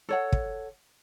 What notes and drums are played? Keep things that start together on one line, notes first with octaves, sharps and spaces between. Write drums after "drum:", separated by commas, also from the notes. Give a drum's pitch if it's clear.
A4 C#5 F#5
drum: kick